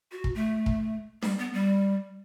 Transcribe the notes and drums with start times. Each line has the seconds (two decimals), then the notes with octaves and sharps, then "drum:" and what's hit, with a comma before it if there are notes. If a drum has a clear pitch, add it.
0.12 F#4
0.24 drum: kick
0.35 A3
0.66 drum: kick
1.23 G3, drum: snare D4
1.38 B3
1.53 G3